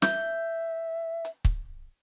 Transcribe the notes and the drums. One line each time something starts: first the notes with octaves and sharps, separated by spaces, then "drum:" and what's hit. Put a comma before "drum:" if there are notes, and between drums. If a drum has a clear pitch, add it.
E5 G6, drum: snare
drum: hi-hat
drum: kick